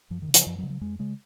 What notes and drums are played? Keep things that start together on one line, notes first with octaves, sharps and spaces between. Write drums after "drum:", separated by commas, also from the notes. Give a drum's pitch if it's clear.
F#2 F3
D#3
C#3
F3, drum: hi-hat
F#2 F3
F#3
C#3
F#3
F2 G#3
C#3 G#3